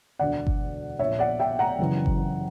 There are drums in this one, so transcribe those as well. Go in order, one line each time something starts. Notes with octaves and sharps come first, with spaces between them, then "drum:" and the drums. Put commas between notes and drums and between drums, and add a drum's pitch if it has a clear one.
E1 D2 D3 D5 F#5
drum: kick G1
A#1 C#5 E5
A#2
D5 F#5
E5 G5
F#5 A#5
F#1 F#2 C#3 E3
drum: kick G1